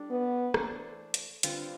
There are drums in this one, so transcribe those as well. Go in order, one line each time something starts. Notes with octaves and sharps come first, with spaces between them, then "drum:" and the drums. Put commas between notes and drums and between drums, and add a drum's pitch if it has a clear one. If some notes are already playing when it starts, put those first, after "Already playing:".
Already playing: G3 D4 A4
B3
E3 A3 D4 A4 C5, drum: rim click
drum: hi-hat
D3 G3 C4 F4 B4, drum: hi-hat